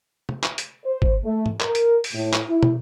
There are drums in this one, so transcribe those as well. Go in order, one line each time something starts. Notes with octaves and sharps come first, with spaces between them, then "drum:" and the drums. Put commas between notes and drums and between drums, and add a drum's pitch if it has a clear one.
drum: tom
drum: clap
drum: hi-hat
C5
drum: kick
A3
drum: tom
A#4, drum: clap
drum: hi-hat
drum: open hi-hat
A2
drum: clap
E4
drum: tom